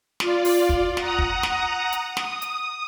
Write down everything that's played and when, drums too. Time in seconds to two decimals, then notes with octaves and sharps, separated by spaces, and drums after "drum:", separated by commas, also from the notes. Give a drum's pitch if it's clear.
0.20 F4 D5, drum: snare
0.45 drum: open hi-hat
0.69 drum: kick
0.97 F#5 A#5 D#6, drum: snare
1.19 drum: kick
1.43 drum: snare
1.93 drum: hi-hat
2.17 D#6, drum: snare
2.42 drum: hi-hat